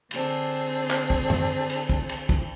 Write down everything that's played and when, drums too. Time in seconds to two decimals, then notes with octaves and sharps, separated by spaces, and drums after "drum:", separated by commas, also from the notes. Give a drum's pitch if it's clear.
0.11 D3 C4 D4 G#4, drum: cymbal
0.90 drum: clap
1.10 drum: kick
1.30 drum: tom G2
1.70 drum: cymbal
1.89 drum: kick
2.09 drum: cymbal
2.29 drum: kick